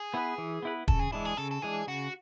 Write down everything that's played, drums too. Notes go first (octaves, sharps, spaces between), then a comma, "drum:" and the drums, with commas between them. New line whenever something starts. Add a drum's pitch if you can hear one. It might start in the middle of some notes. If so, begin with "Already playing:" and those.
Already playing: G#4
B3 E4 B4
E3
B3 E4 B4
C#3 A4, drum: kick
G#4
E3 G#3 D4 E4
G#4
C#3 A4
A4
E3 G#3 D4 G#4
C#3 F#4